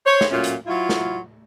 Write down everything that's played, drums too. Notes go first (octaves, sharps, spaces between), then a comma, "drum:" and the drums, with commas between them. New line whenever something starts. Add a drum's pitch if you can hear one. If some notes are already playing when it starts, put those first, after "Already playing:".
C5 C#5
drum: snare
A#2 F#3 A3 C#4 F4
drum: hi-hat
F#3 E4 F4
drum: snare